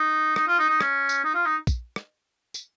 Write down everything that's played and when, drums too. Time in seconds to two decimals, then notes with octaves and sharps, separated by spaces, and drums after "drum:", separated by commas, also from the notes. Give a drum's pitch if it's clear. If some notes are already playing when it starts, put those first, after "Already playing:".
Already playing: D#4
0.36 D#4, drum: rim click
0.47 F4
0.59 D#4
0.69 D#4
0.81 C#4, drum: rim click
1.09 drum: tambourine
1.24 D#4
1.34 F4
1.45 D#4
1.67 drum: kick, tambourine
1.96 drum: rim click
2.54 drum: tambourine